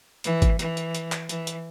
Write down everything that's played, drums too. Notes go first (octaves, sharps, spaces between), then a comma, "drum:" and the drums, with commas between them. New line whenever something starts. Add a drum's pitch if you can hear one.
E3, drum: hi-hat
drum: kick, hi-hat
E3, drum: hi-hat
drum: hi-hat
drum: hi-hat
drum: clap
E3, drum: hi-hat
drum: hi-hat